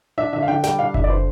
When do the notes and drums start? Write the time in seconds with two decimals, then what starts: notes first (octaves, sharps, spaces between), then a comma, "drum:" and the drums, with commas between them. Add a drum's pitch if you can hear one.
0.18 D4 E5
0.33 D3 E5
0.43 F5
0.48 D3 G5
0.64 G3 G5, drum: snare
0.79 D4 F5
0.94 D3 E5, drum: kick F#1
1.04 D5
1.10 D3 C5